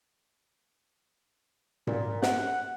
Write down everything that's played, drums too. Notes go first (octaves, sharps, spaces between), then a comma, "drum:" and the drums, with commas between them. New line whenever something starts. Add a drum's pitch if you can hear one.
A#2, drum: tom G#2
F#5, drum: snare